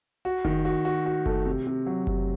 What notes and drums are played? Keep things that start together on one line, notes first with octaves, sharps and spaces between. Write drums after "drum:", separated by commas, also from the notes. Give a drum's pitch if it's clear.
F#4
D#3, drum: kick F#1
F#4
F#4
F#4
A3, drum: kick F#1
C3
C3
F#3
C3, drum: kick F#1